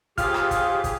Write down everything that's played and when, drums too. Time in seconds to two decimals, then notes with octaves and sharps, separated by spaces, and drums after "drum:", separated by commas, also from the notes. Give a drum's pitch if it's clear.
0.18 D#2 F3 F4 G4 G#4 F6, drum: kick, hi-hat
0.34 drum: rim click
0.51 drum: kick, hi-hat
0.84 drum: kick, hi-hat